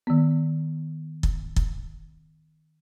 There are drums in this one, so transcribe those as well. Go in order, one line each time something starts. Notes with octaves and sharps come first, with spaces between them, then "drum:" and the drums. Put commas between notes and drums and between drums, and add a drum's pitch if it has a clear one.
D#3 B3
drum: kick
drum: kick